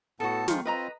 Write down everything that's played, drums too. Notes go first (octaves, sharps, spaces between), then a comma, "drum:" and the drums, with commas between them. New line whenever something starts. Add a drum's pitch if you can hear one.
A2 B3 F#4 A4 A5
D#3 F3 G#3 F4, drum: snare
C4 F4 B4 D#5 A#5